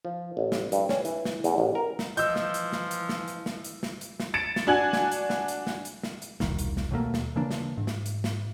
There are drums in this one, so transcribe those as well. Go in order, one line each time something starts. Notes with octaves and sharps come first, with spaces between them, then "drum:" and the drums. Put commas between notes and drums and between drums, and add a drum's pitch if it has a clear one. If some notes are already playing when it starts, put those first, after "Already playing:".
F3
A1
drum: snare
G2, drum: hi-hat
C#4, drum: snare
E3, drum: hi-hat
drum: snare
E2, drum: hi-hat
A1
A#4
drum: snare
E3 F3 F4 D#5 E6 G6, drum: hi-hat
drum: snare
drum: hi-hat
drum: snare
drum: hi-hat
drum: snare
drum: hi-hat
drum: snare
drum: hi-hat
drum: snare
drum: hi-hat
drum: snare
A6 C#7 D7 E7
drum: snare
D4 F#4 G#5 G#6 F#7
drum: snare
drum: hi-hat
drum: snare
drum: hi-hat
drum: snare
drum: hi-hat
drum: snare
drum: hi-hat
E1 C2 D#3, drum: snare
drum: hi-hat
drum: snare
D#2 B2 A3 A#3
drum: snare
C#3 E3 A#3 D4
drum: snare
G#2
drum: snare
drum: hi-hat
drum: snare